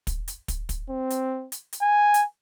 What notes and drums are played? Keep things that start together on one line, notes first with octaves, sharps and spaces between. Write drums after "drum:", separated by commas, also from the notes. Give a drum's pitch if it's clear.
drum: kick, hi-hat
drum: hi-hat
drum: kick, hi-hat
drum: kick, hi-hat
C4
drum: hi-hat
drum: hi-hat
drum: hi-hat
G#5
drum: hi-hat